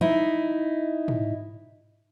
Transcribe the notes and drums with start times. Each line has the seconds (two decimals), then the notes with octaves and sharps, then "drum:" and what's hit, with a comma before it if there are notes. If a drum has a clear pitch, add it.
0.01 D#4 E4
1.08 drum: tom